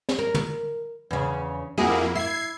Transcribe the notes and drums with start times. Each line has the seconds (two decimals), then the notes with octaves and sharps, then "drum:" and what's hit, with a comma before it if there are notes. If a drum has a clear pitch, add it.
0.09 drum: snare
0.19 A#4
0.34 drum: tom
1.11 E2 C#3
1.78 F2 A#3 E4 F#4 G#4
2.15 E4 G#6 C7